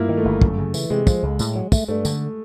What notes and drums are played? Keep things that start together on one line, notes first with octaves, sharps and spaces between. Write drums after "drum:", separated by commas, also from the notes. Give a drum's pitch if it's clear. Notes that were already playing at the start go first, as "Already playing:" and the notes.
Already playing: G2 A#3 E4 F4
D#3
A3
G1
F#2, drum: kick
C#3
E3, drum: tambourine
C3 G#3
F3, drum: kick, tambourine
C#2
A2, drum: tambourine
F#3
A3, drum: kick, tambourine
G2 A3
D3, drum: tambourine